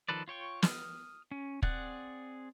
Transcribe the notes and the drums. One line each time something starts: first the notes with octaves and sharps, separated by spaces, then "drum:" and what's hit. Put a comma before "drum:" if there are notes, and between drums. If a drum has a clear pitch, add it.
D#3 F3 A4 B4 D5
F4 C#5 G5 C#6
D#6 F6, drum: snare
C#4
C4 G#4 D5 F#5 F#6, drum: kick